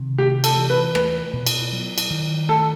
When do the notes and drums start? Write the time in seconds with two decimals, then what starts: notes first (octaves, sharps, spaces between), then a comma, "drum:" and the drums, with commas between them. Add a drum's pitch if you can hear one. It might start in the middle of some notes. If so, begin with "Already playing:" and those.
Already playing: C3 D#3
0.18 A3 G4
0.44 A4, drum: cymbal
0.57 E3
0.70 B4
0.95 A3 B4, drum: rim click
1.33 B2
1.46 drum: cymbal
1.72 F#3
1.98 drum: cymbal
2.11 D#3
2.49 A3 A4